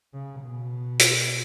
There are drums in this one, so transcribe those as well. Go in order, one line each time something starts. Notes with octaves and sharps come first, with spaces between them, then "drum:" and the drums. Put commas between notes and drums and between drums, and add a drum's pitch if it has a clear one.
C#3
B2
drum: hi-hat